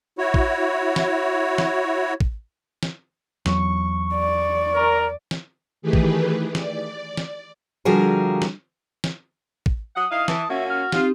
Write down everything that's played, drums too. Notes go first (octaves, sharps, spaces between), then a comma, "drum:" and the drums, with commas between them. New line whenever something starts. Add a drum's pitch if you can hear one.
E4 F#4 C#5
drum: kick
drum: snare
drum: snare
drum: kick
drum: snare
E2 F#3 C#6, drum: snare
D5
A#4
drum: snare
D#3 E3 A3 G4 G#4 B4
drum: kick
D5, drum: snare
drum: snare
D3 F3 G3 F#4 G#4 A#4
drum: snare
drum: snare
drum: kick
F#3 F#5 D#6
D#3 E4 D#5 F5
E3 A5, drum: snare
A#2 A#3 C#4 F#4 E5
F6
C4 D#4 F4 G4, drum: snare